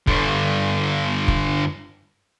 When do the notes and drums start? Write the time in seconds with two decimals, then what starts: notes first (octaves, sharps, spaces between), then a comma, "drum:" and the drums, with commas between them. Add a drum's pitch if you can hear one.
0.07 G2 D3, drum: kick
1.28 drum: kick